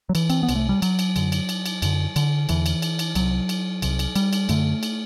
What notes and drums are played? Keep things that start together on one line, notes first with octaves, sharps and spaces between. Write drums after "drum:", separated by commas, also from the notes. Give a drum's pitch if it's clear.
F#3
E3, drum: cymbal
C4, drum: cymbal
B3
C2 C3, drum: cymbal
A3
G3
F#3, drum: cymbal
drum: cymbal
F#2 D3, drum: cymbal
drum: cymbal
drum: cymbal
drum: cymbal
F#2 D3, drum: cymbal
D3, drum: cymbal
E2 D3 E3, drum: cymbal
drum: cymbal
drum: cymbal
drum: cymbal
C2 C3 F#3, drum: cymbal
drum: cymbal
C2 C3, drum: cymbal
drum: cymbal
G3, drum: cymbal
drum: cymbal
F#2 D3 A3, drum: cymbal
drum: cymbal